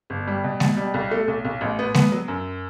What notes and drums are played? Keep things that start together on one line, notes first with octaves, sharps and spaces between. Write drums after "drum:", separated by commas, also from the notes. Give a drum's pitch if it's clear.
G1
G3
B2
B2, drum: snare G#3
G3
B1
A3
B1
B1
A1
B3
B3, drum: snare G#3
F#3
F#2